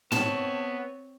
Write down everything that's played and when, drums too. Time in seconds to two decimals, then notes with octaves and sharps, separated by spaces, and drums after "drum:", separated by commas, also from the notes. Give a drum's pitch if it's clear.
0.12 B3 C4 C#5 A5, drum: tom